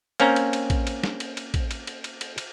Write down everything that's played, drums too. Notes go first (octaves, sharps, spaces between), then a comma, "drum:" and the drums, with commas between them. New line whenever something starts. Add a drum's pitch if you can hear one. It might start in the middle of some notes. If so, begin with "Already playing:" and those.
A#3 C4 C#4 G5 A#5, drum: cymbal
drum: cymbal
drum: cymbal
drum: kick A1, cymbal
drum: cymbal
drum: snare
drum: cymbal
drum: cymbal
drum: kick A1, cymbal
drum: cymbal
drum: cymbal
drum: cymbal
drum: cymbal
drum: cymbal